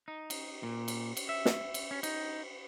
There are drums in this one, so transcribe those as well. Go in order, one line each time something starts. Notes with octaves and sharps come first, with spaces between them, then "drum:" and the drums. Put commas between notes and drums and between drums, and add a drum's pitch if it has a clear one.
D#4
drum: cymbal
A#2
drum: cymbal
drum: cymbal
E5
drum: snare
drum: cymbal
C#4
D#4, drum: cymbal